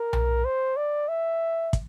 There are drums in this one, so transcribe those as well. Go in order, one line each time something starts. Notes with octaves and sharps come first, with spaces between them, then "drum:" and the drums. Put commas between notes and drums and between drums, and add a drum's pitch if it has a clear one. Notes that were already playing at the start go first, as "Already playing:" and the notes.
Already playing: A#4
drum: tom B1
C5
D5
E5
drum: kick, hi-hat